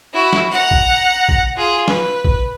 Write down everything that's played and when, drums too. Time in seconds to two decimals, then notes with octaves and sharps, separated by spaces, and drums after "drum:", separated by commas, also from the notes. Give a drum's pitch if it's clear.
0.13 E4 F#4
0.33 drum: snare
0.51 F#5 A#5
0.71 drum: kick A1
1.29 drum: kick A1
1.56 F4 G#4
1.88 B4, drum: snare
2.25 drum: kick A1